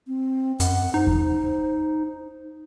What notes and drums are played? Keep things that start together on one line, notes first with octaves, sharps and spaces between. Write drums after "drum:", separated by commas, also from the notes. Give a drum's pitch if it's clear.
C4
F#2 F#5, drum: hi-hat
D#4 C5
drum: kick E2